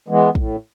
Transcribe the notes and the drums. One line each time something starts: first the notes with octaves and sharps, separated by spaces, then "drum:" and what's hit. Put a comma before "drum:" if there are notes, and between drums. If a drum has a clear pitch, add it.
E3 G#3 B3
A2, drum: kick